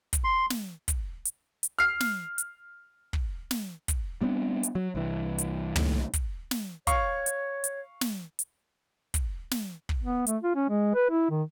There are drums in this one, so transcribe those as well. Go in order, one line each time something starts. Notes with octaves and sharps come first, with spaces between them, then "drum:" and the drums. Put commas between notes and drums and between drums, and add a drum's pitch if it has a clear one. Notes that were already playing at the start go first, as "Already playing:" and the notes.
drum: kick, hi-hat
C6
drum: snare
drum: kick, hi-hat
drum: hi-hat
drum: hi-hat
F6 C7
drum: snare
drum: hi-hat
drum: kick
drum: snare
drum: kick, hi-hat
G3 B3 C4 D4
drum: hi-hat
F#3
C2 E3
drum: hi-hat
F#1 D#2 A2, drum: tom
drum: kick, hi-hat
drum: snare
C#5 F5 C#6, drum: kick, hi-hat
drum: hi-hat
drum: hi-hat
drum: snare
drum: hi-hat
drum: kick, hi-hat
drum: snare
drum: kick
B3
A3, drum: hi-hat
F4
C#4
G#3
B4
E4
D#3